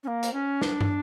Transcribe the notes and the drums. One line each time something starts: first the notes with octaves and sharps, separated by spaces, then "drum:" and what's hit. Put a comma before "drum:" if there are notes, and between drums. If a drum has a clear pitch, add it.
C#4
A#3
drum: hi-hat
C#4
D4, drum: snare
drum: tom